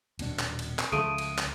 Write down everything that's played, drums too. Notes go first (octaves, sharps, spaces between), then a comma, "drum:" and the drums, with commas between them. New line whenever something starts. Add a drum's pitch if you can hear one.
D#1 B2 D4, drum: cymbal
drum: clap
drum: cymbal
drum: clap
C#2 F3 A3 D#6 D7 D#7
drum: cymbal
drum: clap